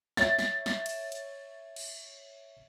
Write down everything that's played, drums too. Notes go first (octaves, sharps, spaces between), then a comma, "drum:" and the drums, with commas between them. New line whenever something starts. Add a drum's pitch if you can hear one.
C#5 E5 A6, drum: snare
drum: snare
drum: snare
drum: cymbal
drum: hi-hat
drum: cymbal